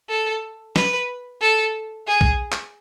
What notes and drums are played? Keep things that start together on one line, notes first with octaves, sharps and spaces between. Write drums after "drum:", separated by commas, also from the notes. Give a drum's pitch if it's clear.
A4
B4, drum: snare
A4
G#4
drum: kick
drum: clap